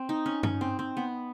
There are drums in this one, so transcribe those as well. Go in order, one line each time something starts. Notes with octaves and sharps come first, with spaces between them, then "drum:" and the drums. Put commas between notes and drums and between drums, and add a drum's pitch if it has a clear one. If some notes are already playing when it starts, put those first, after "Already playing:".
Already playing: C4
D#4
C#4
C#4, drum: tom G2
C4
C4
B3